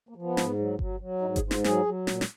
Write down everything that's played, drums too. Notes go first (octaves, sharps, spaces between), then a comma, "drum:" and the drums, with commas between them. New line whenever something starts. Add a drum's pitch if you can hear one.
A#3
F3
B3
G#2, drum: snare
F#3
F#3, drum: kick G1
F#3
G#2 D#4
G#4, drum: kick G1, hi-hat
G#2
F4, drum: snare
F#3 G#4, drum: snare
F#3
A#2, drum: snare
drum: snare